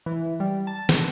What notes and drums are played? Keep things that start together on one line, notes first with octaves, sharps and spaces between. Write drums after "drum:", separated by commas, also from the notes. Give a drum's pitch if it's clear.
E3
G3
A5
drum: snare